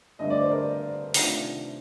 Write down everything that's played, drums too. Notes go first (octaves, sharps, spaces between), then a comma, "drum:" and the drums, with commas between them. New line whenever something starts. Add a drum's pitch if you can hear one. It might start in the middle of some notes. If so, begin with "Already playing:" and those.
G2 D3 A3 D#5
D5
C5
A#4 D5
C3 D#3 A3 D4 F4, drum: open hi-hat